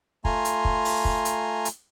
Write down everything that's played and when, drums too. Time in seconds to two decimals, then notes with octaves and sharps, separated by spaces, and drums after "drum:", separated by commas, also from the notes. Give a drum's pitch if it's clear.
0.25 A3 F4 G#5 A#5 C6, drum: kick
0.45 drum: hi-hat
0.65 drum: kick
0.85 drum: open hi-hat
1.05 drum: kick
1.25 drum: hi-hat
1.65 drum: hi-hat